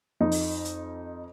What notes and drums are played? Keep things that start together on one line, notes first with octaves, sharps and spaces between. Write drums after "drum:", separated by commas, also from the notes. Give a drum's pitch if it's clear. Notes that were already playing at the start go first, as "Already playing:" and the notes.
F2 D#4
drum: open hi-hat
drum: hi-hat